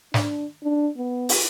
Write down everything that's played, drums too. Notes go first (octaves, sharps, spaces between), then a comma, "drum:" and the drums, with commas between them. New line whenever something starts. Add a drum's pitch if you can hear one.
D4, drum: snare
D4
B3
drum: open hi-hat